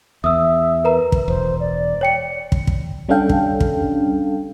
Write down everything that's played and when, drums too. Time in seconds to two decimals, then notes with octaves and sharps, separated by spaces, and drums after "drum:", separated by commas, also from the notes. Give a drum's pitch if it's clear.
0.24 E2 E5 D#6 E6
0.84 A#4 B4 A#5
1.12 drum: kick
1.28 E1 C5
1.60 D5
2.01 C#5 G5 C#7
2.52 drum: kick
2.67 drum: kick
3.09 G3 C#4 D4 A4 F5 G5
3.29 drum: kick
3.60 drum: kick